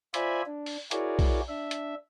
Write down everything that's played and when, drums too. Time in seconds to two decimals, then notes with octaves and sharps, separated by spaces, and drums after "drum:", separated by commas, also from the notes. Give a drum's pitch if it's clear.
0.14 F4 C5 D5 E5 G#5 B5, drum: hi-hat
0.46 D4
0.66 drum: open hi-hat
0.91 E4 F#4 G#4 A#4 C#5 D5, drum: hi-hat
1.19 drum: kick B1, open hi-hat
1.48 D4 E5
1.71 drum: hi-hat